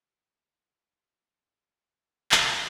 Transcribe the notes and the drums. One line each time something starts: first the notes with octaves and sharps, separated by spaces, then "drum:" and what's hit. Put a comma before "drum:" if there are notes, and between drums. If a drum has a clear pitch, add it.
A2 G#3 D#4 F4 G4
drum: clap